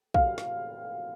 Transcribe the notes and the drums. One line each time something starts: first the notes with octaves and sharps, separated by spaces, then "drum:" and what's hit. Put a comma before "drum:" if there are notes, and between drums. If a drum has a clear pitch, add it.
F5, drum: kick B1
drum: snare